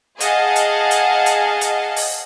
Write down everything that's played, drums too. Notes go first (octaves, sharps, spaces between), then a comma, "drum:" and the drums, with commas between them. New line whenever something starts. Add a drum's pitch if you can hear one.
G#4 D#5 F5 F#5 A5, drum: hi-hat
drum: hi-hat
drum: hi-hat
drum: hi-hat
drum: hi-hat
drum: open hi-hat